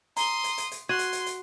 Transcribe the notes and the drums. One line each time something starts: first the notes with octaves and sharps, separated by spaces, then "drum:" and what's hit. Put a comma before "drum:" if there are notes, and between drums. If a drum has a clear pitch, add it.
A#5 C6 D#6 G7, drum: hi-hat
drum: hi-hat
drum: hi-hat
drum: hi-hat
F#4 C6 G#6 D#7
drum: hi-hat
drum: hi-hat
drum: hi-hat